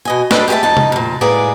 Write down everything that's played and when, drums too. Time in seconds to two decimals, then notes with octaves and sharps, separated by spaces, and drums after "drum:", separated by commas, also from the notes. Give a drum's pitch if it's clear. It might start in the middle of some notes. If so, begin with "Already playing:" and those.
0.05 B2 D#5 G#5
0.31 G3 G#3 D4 A4 B4 C5, drum: snare
0.48 G4 G#4 B4 E5 A5
0.63 F2 D#4 A5
0.77 drum: tom C3
0.92 F2 A#2
1.21 A2 G#3 A#3 G#4 B4 D5